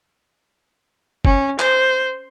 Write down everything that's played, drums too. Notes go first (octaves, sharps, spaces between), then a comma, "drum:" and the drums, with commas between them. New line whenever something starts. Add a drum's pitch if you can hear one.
C#4, drum: kick G1
C5, drum: clap